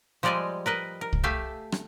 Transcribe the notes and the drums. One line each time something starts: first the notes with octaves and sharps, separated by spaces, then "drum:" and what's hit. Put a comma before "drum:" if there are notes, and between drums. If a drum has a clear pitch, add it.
F3 G3 G#3 D5 D#5 G#5
A#4 B4 D#5
A#4
drum: kick C2
A3 G4 E5 F5 G#5
drum: rim click